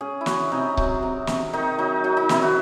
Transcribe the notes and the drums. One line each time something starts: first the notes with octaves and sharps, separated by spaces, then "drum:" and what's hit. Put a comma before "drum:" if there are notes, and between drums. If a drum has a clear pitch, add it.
C#4 G#4
E4
C#4 F#4, drum: snare
C3 D#4
F#3, drum: kick C#1
C3
C3, drum: snare
D#3 D#4
F#3 D#4
F#3 D#4
D#4
C3 E4, drum: snare
F#4